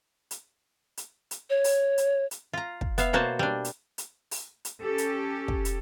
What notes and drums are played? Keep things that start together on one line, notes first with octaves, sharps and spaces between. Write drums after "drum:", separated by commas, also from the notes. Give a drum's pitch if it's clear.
drum: hi-hat
drum: hi-hat
drum: hi-hat
C#5
drum: open hi-hat
drum: hi-hat
drum: hi-hat
F4 A#5
drum: kick
B3 E5 F5, drum: hi-hat
B2 A#3 F#4 C5 C#5 A5
G3 D4
drum: hi-hat
drum: hi-hat
drum: open hi-hat
drum: hi-hat
C#4 G4 A4
drum: hi-hat
drum: kick
drum: hi-hat